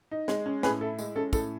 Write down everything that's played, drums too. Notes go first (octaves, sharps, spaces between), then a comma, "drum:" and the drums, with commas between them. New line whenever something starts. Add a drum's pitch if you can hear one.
D#4
G#3, drum: snare
C#4
A2 G#4 B4, drum: snare
E4 A4
G#3, drum: tambourine
C#4 A4
A2 A4, drum: kick, tambourine